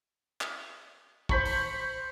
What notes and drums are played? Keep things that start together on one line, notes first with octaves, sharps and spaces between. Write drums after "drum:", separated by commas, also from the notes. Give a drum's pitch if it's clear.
drum: clap
C5 B5 C#6, drum: kick
drum: open hi-hat